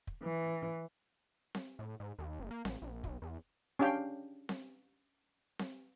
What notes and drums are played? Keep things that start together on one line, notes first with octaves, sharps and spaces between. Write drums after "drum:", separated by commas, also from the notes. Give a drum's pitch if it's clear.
drum: kick
E3
drum: snare C4
A2
G#2
D#2
F#1
A#3
A1, drum: snare C4
A#1
B1, drum: kick
E2
C#4 D4 G4 F5 G5
drum: snare C4
drum: snare C4